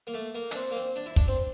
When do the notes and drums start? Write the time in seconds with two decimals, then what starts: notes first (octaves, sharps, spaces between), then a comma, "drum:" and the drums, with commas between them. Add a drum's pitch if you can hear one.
0.07 A#3
0.14 A3
0.34 A#3
0.51 D4, drum: hi-hat
0.55 C4
0.71 A#3
0.76 C4
0.96 D4
1.06 E4
1.16 D4, drum: kick
1.28 C4